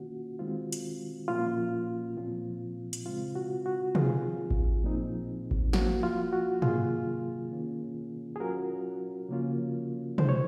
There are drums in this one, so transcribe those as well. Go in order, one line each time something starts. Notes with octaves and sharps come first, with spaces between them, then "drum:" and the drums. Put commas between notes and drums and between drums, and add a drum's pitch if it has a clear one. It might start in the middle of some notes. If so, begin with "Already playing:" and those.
Already playing: D#3 A#3 C#4 F4 F#4
D#3 G#3 C4 F4
drum: hi-hat
A#2 F3 A#3 C#4 F4
A#2 F3 C4 F4
drum: hi-hat
C#3 G#3 C4 F4
F#4
F#4
F3 C4 D#4 F4 G#4, drum: tom
drum: kick A1
A#2 F3 C4 D#4
drum: kick A1
F3 A#3 F4 F#4, drum: snare
F4
F#4
C3 D#3 F#3 A#3 F4 G#4, drum: tom
D#3 A#3 C#4 F4
G#4
F#3 C#4 F4 F#4 A#4
C#3 F3 A#3 C#4 F4
F3 G#3 D#4 C5, drum: tom
C#5